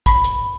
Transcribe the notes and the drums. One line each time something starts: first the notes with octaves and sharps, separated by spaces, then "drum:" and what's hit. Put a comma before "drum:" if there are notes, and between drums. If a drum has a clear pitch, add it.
B5, drum: kick, hi-hat
drum: hi-hat